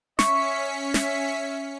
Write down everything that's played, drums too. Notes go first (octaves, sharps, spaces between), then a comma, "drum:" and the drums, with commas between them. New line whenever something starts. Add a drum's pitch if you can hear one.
C#4 E5 C#6 B6 C#7, drum: snare
E5, drum: snare